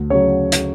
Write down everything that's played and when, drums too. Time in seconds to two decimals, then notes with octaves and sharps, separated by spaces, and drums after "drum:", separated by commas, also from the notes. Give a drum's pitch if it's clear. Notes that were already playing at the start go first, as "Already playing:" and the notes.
Already playing: D2
0.10 C#3 F#3 C#5
0.52 drum: hi-hat